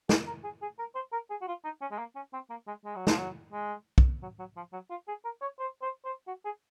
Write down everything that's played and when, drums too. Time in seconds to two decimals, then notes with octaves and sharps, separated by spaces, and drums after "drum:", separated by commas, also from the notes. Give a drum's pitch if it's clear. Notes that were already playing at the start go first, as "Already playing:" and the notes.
0.09 G#4, drum: snare
0.27 A#4
0.44 G#4
0.62 G#4
0.79 A#4
0.95 C5
1.12 A#4
1.30 G#4
1.41 F#4
1.48 F4
1.64 D#4
1.81 C#4
1.92 G#3
1.99 A#3
2.16 C#4
2.33 C4
2.50 A#3
2.67 G#3
2.85 G#3
2.96 F#3
3.07 F3, drum: snare
3.18 F#3
3.53 G#3
3.98 drum: kick
4.22 F#3
4.39 F#3
4.56 F3
4.73 F#3
4.90 F4
5.08 G#4
5.25 A#4
5.42 C#5
5.59 C5
5.82 C5
6.05 C5
6.27 F#4
6.45 G#4